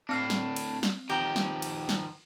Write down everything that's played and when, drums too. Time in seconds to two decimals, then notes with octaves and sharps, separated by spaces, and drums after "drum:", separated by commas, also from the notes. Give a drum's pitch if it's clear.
0.09 A2 C4 D4 F6 C7
0.30 drum: snare
0.56 drum: cymbal
0.83 drum: snare
1.09 D#3 F3 G4 A#5
1.36 drum: snare
1.62 drum: cymbal
1.89 drum: snare